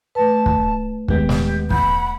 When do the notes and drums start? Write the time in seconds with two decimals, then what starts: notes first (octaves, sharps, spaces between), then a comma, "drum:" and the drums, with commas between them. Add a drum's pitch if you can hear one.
0.15 A3 B4 A5
0.46 drum: kick
1.08 D#2 G#3 B3 G4, drum: kick
1.29 drum: snare
1.70 F#5 B5 G6, drum: kick